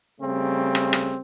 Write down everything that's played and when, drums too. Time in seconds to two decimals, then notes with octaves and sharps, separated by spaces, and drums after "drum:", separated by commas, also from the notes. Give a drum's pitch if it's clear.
0.21 C#3 G3 A3 C4
0.75 drum: rim click
0.93 drum: rim click